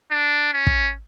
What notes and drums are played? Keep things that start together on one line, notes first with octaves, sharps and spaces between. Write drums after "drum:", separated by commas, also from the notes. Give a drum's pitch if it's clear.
D4
C#4
drum: kick